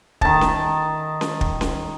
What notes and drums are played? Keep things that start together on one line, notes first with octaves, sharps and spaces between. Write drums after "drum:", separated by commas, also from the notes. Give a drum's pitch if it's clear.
D#3 A5, drum: kick
drum: snare C#4
drum: snare C#4
drum: kick
drum: snare C#4